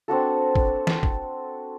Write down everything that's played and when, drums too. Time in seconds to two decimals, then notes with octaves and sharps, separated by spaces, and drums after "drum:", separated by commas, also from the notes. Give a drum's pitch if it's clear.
0.08 C4 D4 F#4 A4
0.56 drum: kick
0.87 drum: snare
1.03 drum: kick